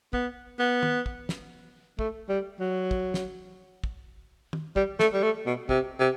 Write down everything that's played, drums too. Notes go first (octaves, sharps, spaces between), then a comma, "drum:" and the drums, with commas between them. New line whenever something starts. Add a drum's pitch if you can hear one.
B3, drum: kick
B3
drum: tom
drum: kick
drum: snare
A3, drum: kick
G3
F#3
drum: kick
drum: snare
drum: kick
drum: tom
G3, drum: kick
A3, drum: snare
G3
A3
B2
C3, drum: kick
C3